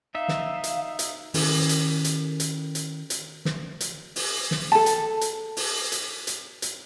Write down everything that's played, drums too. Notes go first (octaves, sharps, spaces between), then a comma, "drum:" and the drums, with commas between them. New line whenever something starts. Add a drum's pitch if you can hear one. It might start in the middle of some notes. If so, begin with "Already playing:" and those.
D#4 E5 F5
drum: snare
drum: hi-hat
drum: hi-hat
D#3 C#4 E4 G4 A4 A#4, drum: open hi-hat
drum: hi-hat
drum: hi-hat
drum: hi-hat
drum: hi-hat
drum: hi-hat
drum: snare
drum: hi-hat
drum: open hi-hat
drum: snare
A4 A5
drum: hi-hat
drum: hi-hat
drum: open hi-hat
drum: hi-hat
drum: hi-hat
drum: hi-hat